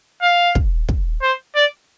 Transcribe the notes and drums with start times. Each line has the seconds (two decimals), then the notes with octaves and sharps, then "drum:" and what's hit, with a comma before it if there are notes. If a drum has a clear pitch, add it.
0.22 F5
0.55 drum: kick
0.89 drum: kick
1.22 C5
1.55 D5